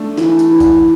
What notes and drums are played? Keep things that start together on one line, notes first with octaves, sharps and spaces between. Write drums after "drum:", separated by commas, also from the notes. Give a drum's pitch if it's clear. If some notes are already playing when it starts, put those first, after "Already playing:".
Already playing: A3 D4
E3, drum: snare
drum: tambourine
E3
drum: kick, tambourine